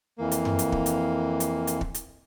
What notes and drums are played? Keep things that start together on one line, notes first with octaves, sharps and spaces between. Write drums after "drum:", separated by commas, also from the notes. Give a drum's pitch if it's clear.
F2 E3 A#3
drum: hi-hat
drum: tom F#2
drum: hi-hat
drum: kick
drum: hi-hat
drum: hi-hat
drum: hi-hat
drum: kick
drum: hi-hat